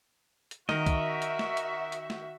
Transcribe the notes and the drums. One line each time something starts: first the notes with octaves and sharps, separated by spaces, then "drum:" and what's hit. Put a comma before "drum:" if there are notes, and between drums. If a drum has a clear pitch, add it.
drum: hi-hat
D#3 F#4 A#4 D#5 E5, drum: snare
drum: kick, hi-hat
drum: hi-hat
drum: snare
drum: hi-hat
drum: hi-hat
drum: snare